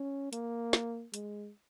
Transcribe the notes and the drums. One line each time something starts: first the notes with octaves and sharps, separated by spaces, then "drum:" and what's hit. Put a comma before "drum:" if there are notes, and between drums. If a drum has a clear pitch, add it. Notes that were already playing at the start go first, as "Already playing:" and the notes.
Already playing: C#4
A#3, drum: hi-hat
drum: snare
G#3, drum: hi-hat